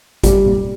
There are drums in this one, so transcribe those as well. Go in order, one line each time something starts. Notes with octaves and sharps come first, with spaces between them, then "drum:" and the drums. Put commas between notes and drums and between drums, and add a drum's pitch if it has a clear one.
G3, drum: kick G#1, hi-hat
drum: tom A2